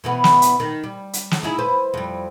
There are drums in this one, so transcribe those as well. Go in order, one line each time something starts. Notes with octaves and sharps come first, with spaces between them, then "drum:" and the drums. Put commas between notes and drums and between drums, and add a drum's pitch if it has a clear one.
B2 E3 B3
drum: snare
drum: hi-hat
D#3
G3
drum: hi-hat
drum: snare
D#4 E4 G#4
B4 C5
F2 G3